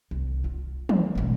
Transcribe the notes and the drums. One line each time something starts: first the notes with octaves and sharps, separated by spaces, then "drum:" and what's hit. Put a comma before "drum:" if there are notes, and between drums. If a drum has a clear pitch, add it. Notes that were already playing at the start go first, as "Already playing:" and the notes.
C2
F4
drum: tom
E1 A1